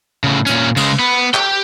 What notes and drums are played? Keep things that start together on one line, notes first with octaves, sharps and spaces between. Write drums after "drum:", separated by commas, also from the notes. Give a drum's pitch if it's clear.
A2 C#3
A#2 C#4, drum: hi-hat
C#3 G#3, drum: cymbal
B3
G4 G5, drum: clap